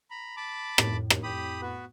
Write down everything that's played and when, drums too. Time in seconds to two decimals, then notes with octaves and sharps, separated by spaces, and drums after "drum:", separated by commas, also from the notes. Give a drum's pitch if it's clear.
0.10 A#5 B5
0.37 A5 B5 D6
0.78 F2 A2, drum: rim click
1.10 drum: rim click
1.23 G4 B5 D#6
1.62 B3 F#4 B4